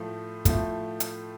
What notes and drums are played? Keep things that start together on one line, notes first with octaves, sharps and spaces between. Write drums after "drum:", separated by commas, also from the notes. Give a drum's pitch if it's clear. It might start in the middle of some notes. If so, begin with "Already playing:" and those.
Already playing: A2 F3 A3
A2 F3 A3, drum: kick, hi-hat
drum: hi-hat